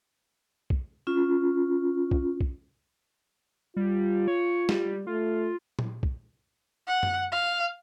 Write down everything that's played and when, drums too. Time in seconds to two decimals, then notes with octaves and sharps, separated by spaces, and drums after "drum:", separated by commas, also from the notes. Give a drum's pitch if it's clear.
0.70 drum: kick
1.07 C#4 F4
2.11 drum: kick
2.41 drum: kick
3.76 G3 F4
4.28 C#5
4.69 G3, drum: snare
5.07 A3 F4
5.79 drum: tom A#2
6.03 drum: kick
6.87 F#5
7.03 drum: tom F#2
7.32 F5